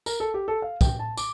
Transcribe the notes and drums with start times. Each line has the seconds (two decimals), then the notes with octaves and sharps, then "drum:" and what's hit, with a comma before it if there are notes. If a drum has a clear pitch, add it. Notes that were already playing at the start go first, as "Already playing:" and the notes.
0.06 A#4, drum: tambourine
0.20 A4
0.34 G4
0.48 A4
0.62 F5
0.81 G5, drum: kick, tambourine
0.99 A5
1.17 D6, drum: tambourine